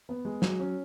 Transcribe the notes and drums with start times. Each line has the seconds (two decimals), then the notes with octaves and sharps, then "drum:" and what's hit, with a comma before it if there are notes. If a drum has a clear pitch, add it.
0.09 B3
0.25 G#3
0.42 F#3, drum: snare
0.59 C#4